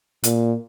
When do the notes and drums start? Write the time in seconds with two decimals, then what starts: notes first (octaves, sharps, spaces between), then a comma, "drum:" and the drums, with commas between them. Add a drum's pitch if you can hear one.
0.24 A#2, drum: hi-hat